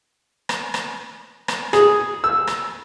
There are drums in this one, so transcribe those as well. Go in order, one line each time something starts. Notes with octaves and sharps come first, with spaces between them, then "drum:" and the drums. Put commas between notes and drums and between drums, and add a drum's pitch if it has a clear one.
drum: rim click
drum: rim click
drum: rim click
G#4, drum: rim click
E6
drum: rim click